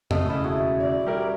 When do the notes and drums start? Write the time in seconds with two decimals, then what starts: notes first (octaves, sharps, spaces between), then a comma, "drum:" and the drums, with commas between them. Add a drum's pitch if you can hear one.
0.11 C3 A3 D#5, drum: tom F2
0.26 E1 C#3 C#4 E4 A5
0.44 E4 F#4 G#4
0.80 D5
1.06 G3 G4 A#4